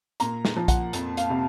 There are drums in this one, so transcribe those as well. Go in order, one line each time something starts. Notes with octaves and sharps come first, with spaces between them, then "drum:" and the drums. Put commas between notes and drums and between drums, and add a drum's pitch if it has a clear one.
A#2 A#5, drum: hi-hat
drum: snare
F3
F#5, drum: kick A#1, hi-hat
F2 A5, drum: hi-hat
F5, drum: hi-hat
C3